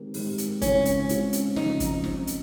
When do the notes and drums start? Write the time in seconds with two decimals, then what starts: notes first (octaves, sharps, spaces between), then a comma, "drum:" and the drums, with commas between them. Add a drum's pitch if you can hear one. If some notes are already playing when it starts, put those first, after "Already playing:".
Already playing: D#3 G#3 C4 G4 A#4
0.14 D#3 G#3 C4 G4 A#4, drum: open hi-hat
0.38 drum: hi-hat
0.62 C#3 G#3 C4 C#4 F4, drum: kick, hi-hat
0.85 drum: hi-hat
1.09 C#3 G#3 C4 F4, drum: hi-hat
1.33 drum: hi-hat
1.56 C#3 F3 C4 D#4, drum: snare
1.80 drum: kick, hi-hat
2.04 C#3 F3 C4, drum: snare
2.27 drum: hi-hat